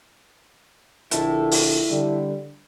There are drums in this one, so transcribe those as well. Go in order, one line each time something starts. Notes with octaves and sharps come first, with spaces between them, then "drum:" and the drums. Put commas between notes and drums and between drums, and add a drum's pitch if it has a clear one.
A#1 D3 E4 A4, drum: hi-hat
drum: open hi-hat
D3 G3